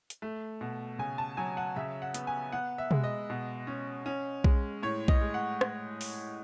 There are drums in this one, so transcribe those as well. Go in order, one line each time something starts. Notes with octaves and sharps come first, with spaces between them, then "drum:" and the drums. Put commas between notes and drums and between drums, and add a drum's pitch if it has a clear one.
drum: hi-hat
A3
B2
C#3 G#5
A5
F#3 G#5
F#5
C#3 E5
F#5
B3, drum: hi-hat
G#5
B3 F#5
E5
G#3, drum: tom B2
D#5
B2
C#4
C#4
G#3, drum: kick B1
A2 C#5
D#5, drum: kick B1
G#3
F#5
drum: rim click
drum: open hi-hat